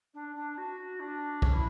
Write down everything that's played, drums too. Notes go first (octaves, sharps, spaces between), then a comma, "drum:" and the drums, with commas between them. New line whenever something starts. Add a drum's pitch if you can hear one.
D4
D4
F#4
D4
C#4, drum: kick
E4